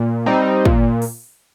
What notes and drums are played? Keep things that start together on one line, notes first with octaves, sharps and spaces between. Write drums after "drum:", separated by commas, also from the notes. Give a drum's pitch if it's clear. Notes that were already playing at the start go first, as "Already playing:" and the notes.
Already playing: A#2
G3 C4 D#4
A#2, drum: kick
drum: open hi-hat